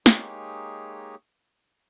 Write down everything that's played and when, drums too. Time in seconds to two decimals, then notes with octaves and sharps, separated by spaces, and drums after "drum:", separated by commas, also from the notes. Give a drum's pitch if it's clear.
0.06 G#3 A#3 D#4 G4 G#4 C#5, drum: snare